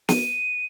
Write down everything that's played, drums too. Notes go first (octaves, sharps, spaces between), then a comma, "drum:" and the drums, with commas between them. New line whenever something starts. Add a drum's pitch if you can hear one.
D#7, drum: snare